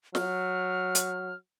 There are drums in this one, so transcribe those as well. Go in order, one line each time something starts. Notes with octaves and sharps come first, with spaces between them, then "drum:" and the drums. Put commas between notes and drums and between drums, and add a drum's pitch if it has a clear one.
F#3 F6, drum: snare
drum: hi-hat